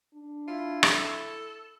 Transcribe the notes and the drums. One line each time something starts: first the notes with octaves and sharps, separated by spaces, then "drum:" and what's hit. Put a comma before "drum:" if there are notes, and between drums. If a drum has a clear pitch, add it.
D4
E4 F4
A4, drum: rim click